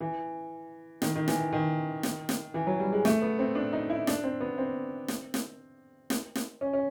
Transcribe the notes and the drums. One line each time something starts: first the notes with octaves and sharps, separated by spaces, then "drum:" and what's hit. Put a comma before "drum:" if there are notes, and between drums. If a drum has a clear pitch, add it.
E3
D#3, drum: snare
D#3
E3, drum: snare
D#3
drum: snare
drum: snare
E3
F#3
G3
G#3
A3, drum: snare
B3
C4
D4
D#4
E4
D4, drum: snare
C4
B3
C4
drum: snare
drum: snare
drum: snare
drum: snare
C#4
C#4